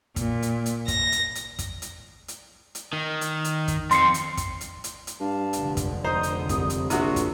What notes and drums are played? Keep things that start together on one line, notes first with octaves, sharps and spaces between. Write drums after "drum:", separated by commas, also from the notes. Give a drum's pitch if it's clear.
A#2, drum: kick, hi-hat
drum: hi-hat
drum: hi-hat
A#6, drum: kick, hi-hat
drum: hi-hat
drum: hi-hat
drum: kick, hi-hat
drum: hi-hat
drum: hi-hat
drum: hi-hat
D#3
drum: hi-hat
drum: hi-hat
drum: kick, hi-hat
F2 C4 C6 C7 C#7, drum: hi-hat
drum: hi-hat
drum: kick, hi-hat
drum: hi-hat
drum: hi-hat
drum: hi-hat
G2 F5 A5
F1 D3 G#3, drum: hi-hat
drum: kick, hi-hat
D#4 C5 A#5 D#6
drum: hi-hat
C2, drum: kick, hi-hat
drum: hi-hat
A#1 C3 F#3 F#4 E5 C#6, drum: hi-hat
drum: kick, hi-hat